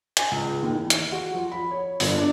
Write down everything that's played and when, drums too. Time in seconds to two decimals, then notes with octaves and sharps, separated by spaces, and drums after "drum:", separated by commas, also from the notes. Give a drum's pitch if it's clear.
0.17 G#5, drum: hi-hat
0.31 C#2
0.62 D#2
0.74 E2
0.90 drum: hi-hat
1.12 F#4
1.34 F3
1.52 B5
1.71 C#5
2.00 G1, drum: open hi-hat
2.18 D4